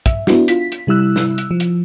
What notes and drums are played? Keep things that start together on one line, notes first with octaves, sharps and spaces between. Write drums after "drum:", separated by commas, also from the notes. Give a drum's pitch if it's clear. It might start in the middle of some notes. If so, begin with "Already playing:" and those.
E5, drum: kick, hi-hat
B3 D4 E4 F#4, drum: snare
F4 B6, drum: hi-hat
drum: hi-hat
C3 G3 E4 E6 F#6
drum: snare
drum: hi-hat
F3
drum: hi-hat